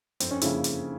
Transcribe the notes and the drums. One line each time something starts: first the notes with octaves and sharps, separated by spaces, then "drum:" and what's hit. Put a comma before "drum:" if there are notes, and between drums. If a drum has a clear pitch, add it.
F2 C4, drum: hi-hat
C#4
C#3 F3 A#3 E4, drum: hi-hat
drum: hi-hat